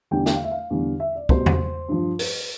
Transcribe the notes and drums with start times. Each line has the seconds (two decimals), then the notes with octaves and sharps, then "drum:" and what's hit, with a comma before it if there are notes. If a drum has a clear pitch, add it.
0.11 E2 D3 G3 G5
0.26 G5, drum: snare
0.34 F5
0.44 E5
0.51 F5
0.70 E2 D3 G3
1.00 E5
1.16 D5
1.29 B2 G3 C5, drum: kick
1.46 drum: tom E2
1.89 G2 F3
2.19 B4, drum: open hi-hat